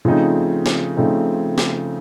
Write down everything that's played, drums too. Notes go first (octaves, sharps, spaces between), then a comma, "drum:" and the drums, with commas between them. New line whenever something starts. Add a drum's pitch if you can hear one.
C#3 F3 A3 C4 D#4
drum: snare
C#3 F3 A3 C4 D#4
drum: snare